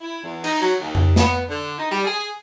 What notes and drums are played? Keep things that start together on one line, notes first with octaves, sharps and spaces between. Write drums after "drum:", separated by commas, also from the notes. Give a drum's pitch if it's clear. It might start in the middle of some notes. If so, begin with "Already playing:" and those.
E4
E2
D#4, drum: cymbal
F#3
D#2
drum: tom F2
B3, drum: snare
D3
D#4
G3
G#4